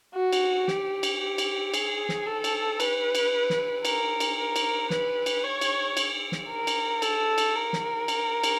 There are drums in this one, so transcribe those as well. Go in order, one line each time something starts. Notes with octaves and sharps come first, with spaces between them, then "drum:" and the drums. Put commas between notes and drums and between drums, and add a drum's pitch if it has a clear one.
F#4
drum: cymbal
G4, drum: snare
drum: cymbal
G4
drum: cymbal
G#4, drum: cymbal
drum: snare
A4
drum: cymbal
B4, drum: cymbal
drum: cymbal
drum: snare
A#4, drum: cymbal
drum: cymbal
A#4
drum: cymbal
B4, drum: snare
drum: cymbal
C#5
drum: cymbal
drum: cymbal
drum: snare
A#4
drum: cymbal
A4, drum: cymbal
drum: cymbal
A#4
drum: snare
drum: cymbal
drum: cymbal